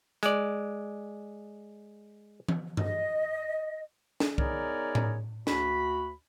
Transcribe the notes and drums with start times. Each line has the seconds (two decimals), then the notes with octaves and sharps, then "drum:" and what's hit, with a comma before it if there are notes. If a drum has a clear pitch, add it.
0.23 G#3 D5, drum: hi-hat
2.49 drum: tom E3
2.77 D#5, drum: tom G2
4.20 drum: snare D4
4.38 B3 D#4 G#4 A#4 C#5 D5, drum: kick C2
4.95 drum: tom A2
5.47 D2 F#4 B5, drum: snare D4